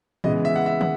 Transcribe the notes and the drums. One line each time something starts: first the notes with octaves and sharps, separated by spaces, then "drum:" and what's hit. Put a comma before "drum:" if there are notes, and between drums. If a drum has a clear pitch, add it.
C#3 E3 G#3 B3 D#5, drum: tom A2
E5
F#5
E5
F#5, drum: tom